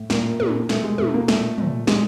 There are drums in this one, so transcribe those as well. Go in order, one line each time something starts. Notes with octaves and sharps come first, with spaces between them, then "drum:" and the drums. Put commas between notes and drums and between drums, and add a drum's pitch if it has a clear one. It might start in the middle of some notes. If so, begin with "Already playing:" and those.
Already playing: A2
A#2 A#3, drum: snare
A#2, drum: tom
B2 A3, drum: snare
G#3
B2 A3, drum: tom
A#3
A#2 A3, drum: snare
A#2, drum: tom
A#2 G#3, drum: snare